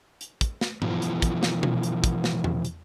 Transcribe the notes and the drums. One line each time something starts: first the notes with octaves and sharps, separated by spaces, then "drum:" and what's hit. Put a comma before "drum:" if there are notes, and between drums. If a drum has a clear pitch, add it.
drum: hi-hat
drum: kick, hi-hat
drum: snare
B2 E3 F3, drum: tom G#2
drum: hi-hat
drum: kick, hi-hat
drum: snare
drum: tom B2
drum: hi-hat
drum: kick, hi-hat
drum: snare
drum: tom E2
drum: hi-hat